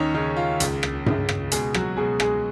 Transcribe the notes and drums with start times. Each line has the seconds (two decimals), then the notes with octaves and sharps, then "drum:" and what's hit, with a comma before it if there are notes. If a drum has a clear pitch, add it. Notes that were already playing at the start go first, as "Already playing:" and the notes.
Already playing: D#2 C#4 D#4 C#5
0.14 C#3 D#4
0.37 F4
0.60 C#2, drum: hi-hat
0.83 drum: rim click
1.06 C#3, drum: tom G2
1.29 drum: rim click
1.52 B2 G#3 G#4, drum: hi-hat
1.74 F#3 F#4, drum: rim click
1.97 B2 G#3 G#4
2.20 G#3 G#4, drum: rim click